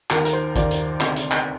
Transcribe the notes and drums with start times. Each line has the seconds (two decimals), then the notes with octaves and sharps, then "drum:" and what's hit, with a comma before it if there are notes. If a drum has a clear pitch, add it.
0.10 D#2 D#3 A#4, drum: clap
0.25 A#4, drum: hi-hat
0.33 C5
0.56 D#2 D#3 D5, drum: kick A1, hi-hat
0.71 drum: hi-hat
1.01 D2 C3 D#3, drum: clap
1.16 drum: hi-hat
1.31 drum: clap